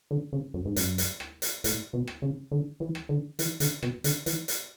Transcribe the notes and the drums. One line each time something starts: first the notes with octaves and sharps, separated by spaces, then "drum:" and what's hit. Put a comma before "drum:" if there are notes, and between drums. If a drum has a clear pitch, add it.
D3
C#3
F#2
G#2
F#2, drum: hi-hat
drum: hi-hat
drum: rim click
drum: hi-hat
A2, drum: hi-hat
B2
drum: rim click
C#3
D3
E3
drum: rim click
D3
E3, drum: hi-hat
D3, drum: hi-hat
B2, drum: rim click
D3, drum: hi-hat
E3, drum: hi-hat
drum: hi-hat